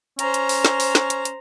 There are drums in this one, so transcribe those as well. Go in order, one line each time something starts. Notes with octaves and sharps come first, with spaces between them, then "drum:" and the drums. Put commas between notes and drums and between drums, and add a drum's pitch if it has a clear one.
C#4 C5 A#5, drum: hi-hat
drum: hi-hat
drum: open hi-hat
drum: snare
drum: open hi-hat
drum: snare
drum: hi-hat
drum: hi-hat